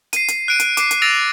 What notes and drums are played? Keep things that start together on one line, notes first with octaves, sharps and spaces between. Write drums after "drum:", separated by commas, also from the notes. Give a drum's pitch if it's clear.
C7 D#7, drum: hi-hat
drum: hi-hat
F#6 D7 D#7
drum: hi-hat
D6 C7, drum: hi-hat
drum: hi-hat
E6 A6 A#6 D7 F7